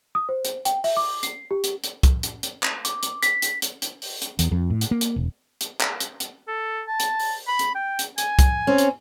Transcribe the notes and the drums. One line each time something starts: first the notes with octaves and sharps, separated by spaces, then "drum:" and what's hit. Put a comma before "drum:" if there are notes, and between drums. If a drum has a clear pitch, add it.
D#6
C5
drum: hi-hat
G5, drum: hi-hat
E5, drum: open hi-hat
D6
C7, drum: hi-hat
G4
drum: hi-hat
drum: hi-hat
drum: kick C2, hi-hat
drum: hi-hat
drum: hi-hat
drum: clap
D6, drum: hi-hat
drum: hi-hat
B6, drum: hi-hat
drum: hi-hat
drum: hi-hat
drum: hi-hat
drum: open hi-hat
drum: hi-hat
E2, drum: hi-hat
F2
A2
drum: hi-hat
A#3
drum: hi-hat
E1
drum: hi-hat
drum: clap
drum: hi-hat
drum: hi-hat
A4
A5
drum: hi-hat
drum: open hi-hat
B5
drum: hi-hat
G5
drum: hi-hat
G#5, drum: hi-hat
drum: kick C2, hi-hat
C4 C#4
drum: hi-hat